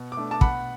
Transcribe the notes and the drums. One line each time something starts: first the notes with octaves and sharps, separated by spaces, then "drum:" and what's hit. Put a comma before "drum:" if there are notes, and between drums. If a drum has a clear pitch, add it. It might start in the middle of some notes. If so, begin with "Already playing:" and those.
Already playing: B2
D6
A3 D4
A5 D6
B2 F#5 B5, drum: kick